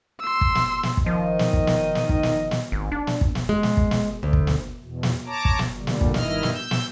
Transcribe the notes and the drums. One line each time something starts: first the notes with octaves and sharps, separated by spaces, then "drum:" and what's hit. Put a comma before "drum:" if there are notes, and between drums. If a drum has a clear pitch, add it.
C6 E6
drum: kick
drum: snare
drum: snare
drum: kick
D#3 F3 D#5
drum: snare
drum: kick
drum: snare
drum: snare
drum: kick
drum: snare
drum: snare
G#1
D4
drum: snare
drum: kick
drum: snare
G#3
drum: snare
drum: kick
drum: snare
D2
drum: kick
drum: snare
E2 B2
drum: snare
C#5 A5 A#5 D6
drum: kick
drum: snare
A#2 D3 G3
drum: snare
drum: kick
G2 D#3 E4 D#5 F6, drum: snare
drum: snare
E6 G6
drum: snare